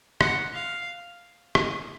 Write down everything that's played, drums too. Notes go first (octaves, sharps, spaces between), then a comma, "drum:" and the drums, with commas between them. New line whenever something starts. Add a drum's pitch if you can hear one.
F#5, drum: rim click
F5
D#5, drum: rim click